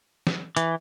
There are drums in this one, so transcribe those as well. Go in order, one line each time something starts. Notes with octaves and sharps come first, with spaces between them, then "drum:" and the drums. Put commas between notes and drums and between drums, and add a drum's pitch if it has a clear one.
drum: snare
E3, drum: hi-hat